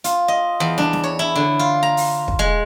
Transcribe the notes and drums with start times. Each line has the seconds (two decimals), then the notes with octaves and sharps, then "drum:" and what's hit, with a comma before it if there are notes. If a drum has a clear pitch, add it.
0.04 F4, drum: hi-hat
0.28 D#5
0.60 E2
0.78 D4, drum: snare
0.93 drum: snare
1.03 C#5
1.19 E4
1.36 D3
1.59 F4
1.83 A#5
1.97 drum: open hi-hat
2.28 drum: kick
2.39 G#3